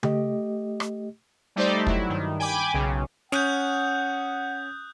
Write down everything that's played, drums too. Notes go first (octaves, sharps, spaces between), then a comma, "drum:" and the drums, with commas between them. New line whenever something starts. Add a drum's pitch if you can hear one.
A3 G4 D#5, drum: tom C#3
drum: rim click
G3 A3 D#4 G4 C5 D5
F#3 E4, drum: kick
G2 D#3
G5 G#5 B5 D6
B1 C#3
C#4 F#5 D#6 F#6 G6, drum: snare